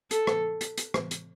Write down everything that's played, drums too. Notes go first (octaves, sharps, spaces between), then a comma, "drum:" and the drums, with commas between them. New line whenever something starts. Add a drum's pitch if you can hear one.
A4, drum: hi-hat
drum: rim click
drum: hi-hat
drum: hi-hat
drum: rim click
drum: hi-hat